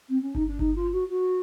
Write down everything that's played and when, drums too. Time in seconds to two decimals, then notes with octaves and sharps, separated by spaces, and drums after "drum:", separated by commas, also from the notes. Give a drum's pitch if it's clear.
0.09 C4
0.22 C#4
0.35 D#4, drum: kick G1
0.48 D4
0.59 D#4, drum: kick G1
0.75 F4
0.92 F#4
1.09 F#4